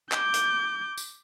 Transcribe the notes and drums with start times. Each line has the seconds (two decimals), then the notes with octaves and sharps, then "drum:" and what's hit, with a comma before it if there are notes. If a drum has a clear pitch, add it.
0.12 D6 G6, drum: clap
0.34 drum: hi-hat
0.98 drum: tambourine